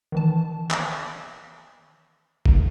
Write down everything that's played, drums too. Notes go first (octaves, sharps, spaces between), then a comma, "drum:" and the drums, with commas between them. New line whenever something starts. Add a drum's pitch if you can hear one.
D#3 E3 A5
drum: clap
drum: kick